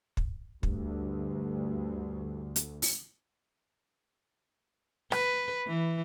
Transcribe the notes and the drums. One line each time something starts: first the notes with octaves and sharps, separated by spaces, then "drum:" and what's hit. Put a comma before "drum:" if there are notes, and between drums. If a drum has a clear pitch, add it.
drum: kick
D2 G2, drum: kick
drum: hi-hat
drum: open hi-hat
B4, drum: rim click
E3